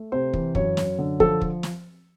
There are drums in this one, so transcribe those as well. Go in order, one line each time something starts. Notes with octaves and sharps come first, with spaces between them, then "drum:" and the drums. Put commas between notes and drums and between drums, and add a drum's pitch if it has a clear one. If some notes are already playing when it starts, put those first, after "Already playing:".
Already playing: A3
C3 C5
E3, drum: kick
F#2 C#5, drum: kick
F#2, drum: snare
D3
F3 A4, drum: kick
drum: kick
drum: snare